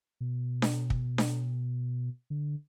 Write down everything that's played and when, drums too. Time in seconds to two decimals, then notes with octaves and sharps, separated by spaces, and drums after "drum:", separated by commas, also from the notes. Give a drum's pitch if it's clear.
0.21 B2
0.62 drum: snare D4
0.90 drum: kick
1.18 drum: snare D4
2.30 D3